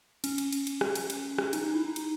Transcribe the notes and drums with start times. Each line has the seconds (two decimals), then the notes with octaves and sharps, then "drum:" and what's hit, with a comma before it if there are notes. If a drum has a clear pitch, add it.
0.24 C#4, drum: cymbal
0.38 drum: cymbal
0.52 drum: cymbal
0.67 drum: cymbal
0.81 drum: rim click
0.95 drum: cymbal
1.10 drum: cymbal
1.38 drum: rim click
1.53 D#4, drum: cymbal
1.64 D#4
1.74 E4
1.85 D#4
1.96 D#4, drum: cymbal